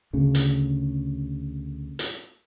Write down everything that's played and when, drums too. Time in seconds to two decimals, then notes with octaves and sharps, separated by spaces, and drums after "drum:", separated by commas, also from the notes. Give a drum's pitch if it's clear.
0.13 D2 C#3
0.35 drum: hi-hat
1.99 drum: hi-hat